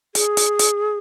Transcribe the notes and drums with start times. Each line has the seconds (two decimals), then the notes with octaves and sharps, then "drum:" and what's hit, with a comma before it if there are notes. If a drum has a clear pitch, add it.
0.15 G#4, drum: hi-hat
0.37 drum: hi-hat
0.59 drum: hi-hat